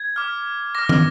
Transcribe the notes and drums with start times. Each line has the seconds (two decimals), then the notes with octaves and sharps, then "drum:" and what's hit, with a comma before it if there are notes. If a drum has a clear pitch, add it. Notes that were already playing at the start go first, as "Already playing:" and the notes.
Already playing: G#6
0.16 D6 F6
0.75 D6 F6 A#6
0.89 drum: tom